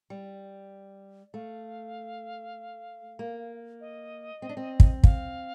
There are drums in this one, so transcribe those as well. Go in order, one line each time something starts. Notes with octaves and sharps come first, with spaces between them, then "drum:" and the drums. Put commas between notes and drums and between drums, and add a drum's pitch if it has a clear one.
G3
A3 F5
A#3
D#5
C4
D4
C4
drum: kick
F5, drum: kick